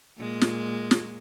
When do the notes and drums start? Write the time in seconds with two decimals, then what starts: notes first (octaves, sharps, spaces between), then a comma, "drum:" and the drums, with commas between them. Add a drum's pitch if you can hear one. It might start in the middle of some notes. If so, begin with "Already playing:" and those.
0.17 A#2 G#3
0.41 drum: snare
0.91 drum: snare